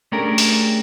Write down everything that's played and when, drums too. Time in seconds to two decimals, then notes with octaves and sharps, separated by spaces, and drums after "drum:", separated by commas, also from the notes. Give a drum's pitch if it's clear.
0.12 A3 C#4 D4 G4 G#4 A#4
0.38 drum: open hi-hat